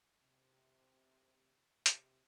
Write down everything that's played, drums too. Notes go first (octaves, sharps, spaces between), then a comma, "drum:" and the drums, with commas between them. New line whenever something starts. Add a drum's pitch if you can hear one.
C3
C3, drum: hi-hat